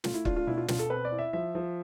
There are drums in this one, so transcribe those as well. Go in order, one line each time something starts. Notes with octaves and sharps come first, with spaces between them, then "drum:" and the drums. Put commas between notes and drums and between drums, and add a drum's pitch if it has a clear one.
A3 F4, drum: snare
E4
D4 F4, drum: kick
F4
B2 E4
F4
B2 F4, drum: snare
A4
C4 B4
D5
E4
E5
F3 E5
F3